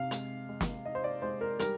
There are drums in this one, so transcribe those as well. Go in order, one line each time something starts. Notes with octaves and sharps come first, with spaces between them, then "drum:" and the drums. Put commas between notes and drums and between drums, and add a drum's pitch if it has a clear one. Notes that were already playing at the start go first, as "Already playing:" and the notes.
Already playing: C3 F5
G#3, drum: hi-hat
G#3
drum: snare
G#3 D#5
C5
D5
G#3 C5
A#4
G3 A#4, drum: hi-hat